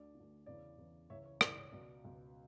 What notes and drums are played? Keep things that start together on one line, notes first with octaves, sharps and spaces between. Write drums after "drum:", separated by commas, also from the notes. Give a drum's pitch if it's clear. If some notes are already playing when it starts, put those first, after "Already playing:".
Already playing: D2 D3 D5
D2 D3
E2 C#3 E3 D5
E2 C#3 E3
C#2 C#3 E3 C#5 E5
C#5
C#2 C#3 E3 D5, drum: rim click
C#5
C#2 B2 D5
C#2 B2